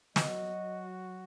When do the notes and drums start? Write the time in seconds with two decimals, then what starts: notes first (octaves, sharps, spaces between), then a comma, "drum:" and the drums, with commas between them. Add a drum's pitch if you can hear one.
0.16 F#3 F#4 D#5, drum: snare